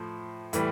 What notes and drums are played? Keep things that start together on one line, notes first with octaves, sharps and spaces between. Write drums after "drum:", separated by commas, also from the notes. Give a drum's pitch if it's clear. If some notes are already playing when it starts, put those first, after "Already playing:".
Already playing: A2 F3 C5
A2 E3 G3, drum: hi-hat